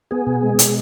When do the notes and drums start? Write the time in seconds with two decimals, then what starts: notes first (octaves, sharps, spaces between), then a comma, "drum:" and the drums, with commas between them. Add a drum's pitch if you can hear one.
0.11 B3 G#4
0.27 B2
0.43 G#3
0.59 B2, drum: hi-hat